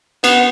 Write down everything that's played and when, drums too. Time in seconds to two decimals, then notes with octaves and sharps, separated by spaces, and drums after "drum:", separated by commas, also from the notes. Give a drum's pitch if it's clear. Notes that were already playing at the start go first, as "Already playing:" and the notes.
0.24 B3, drum: cymbal